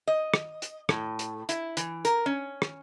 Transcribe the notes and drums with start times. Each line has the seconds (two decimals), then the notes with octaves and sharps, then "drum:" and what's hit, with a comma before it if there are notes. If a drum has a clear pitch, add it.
0.07 D#5
0.34 drum: rim click
0.62 drum: hi-hat
0.89 A2, drum: rim click
1.19 drum: hi-hat
1.49 E4, drum: hi-hat
1.77 E3, drum: hi-hat
2.05 A#4, drum: hi-hat
2.26 C#4
2.62 drum: rim click